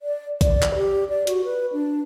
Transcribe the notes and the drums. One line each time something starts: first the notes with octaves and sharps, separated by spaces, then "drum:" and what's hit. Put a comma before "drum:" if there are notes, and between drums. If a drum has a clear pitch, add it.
D5
D5, drum: kick A#1, hi-hat
drum: clap
G4
D5
F#4, drum: hi-hat
B4
D4